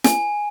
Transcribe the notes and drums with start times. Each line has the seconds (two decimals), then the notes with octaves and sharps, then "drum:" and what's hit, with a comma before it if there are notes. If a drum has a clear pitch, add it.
0.04 G#5, drum: snare